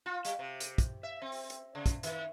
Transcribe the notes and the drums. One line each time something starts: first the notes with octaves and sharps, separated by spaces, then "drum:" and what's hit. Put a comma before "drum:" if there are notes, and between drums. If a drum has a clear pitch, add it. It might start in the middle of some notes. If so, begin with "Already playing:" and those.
F4
G3, drum: hi-hat
C3
drum: hi-hat
drum: kick, hi-hat
E5
C4
drum: open hi-hat
drum: hi-hat
C#3
drum: kick, hi-hat
D#3, drum: hi-hat